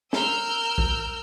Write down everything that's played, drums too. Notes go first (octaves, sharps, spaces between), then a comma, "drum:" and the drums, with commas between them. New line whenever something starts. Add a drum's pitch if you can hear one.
A#4 E6 F6 G6, drum: snare
drum: kick A#1